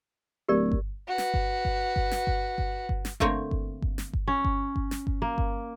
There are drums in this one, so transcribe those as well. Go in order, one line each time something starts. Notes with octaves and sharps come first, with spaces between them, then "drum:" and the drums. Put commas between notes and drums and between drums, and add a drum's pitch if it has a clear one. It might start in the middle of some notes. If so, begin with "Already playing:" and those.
D1 G4 A#4 D5
drum: kick G1
F#4 B4
drum: snare
drum: kick G1
drum: kick G1
drum: kick G1
drum: snare
drum: kick G1
drum: kick G1
drum: kick G1
drum: snare
D3 A3 A#3 C4 A#4 C#5, drum: kick G1
drum: kick G1
drum: kick G1
drum: snare
drum: kick G1
C#4
drum: kick G1
drum: kick G1
drum: snare
drum: kick G1
A#3
drum: kick G1